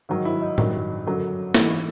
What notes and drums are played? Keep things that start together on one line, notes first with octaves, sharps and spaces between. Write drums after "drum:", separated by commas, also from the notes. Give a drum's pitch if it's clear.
G#2 D#3 F#3
E4
D#4
G2 D#3 F#3, drum: tom A2
F#2 D3 F#3
G#2 E3 E4, drum: snare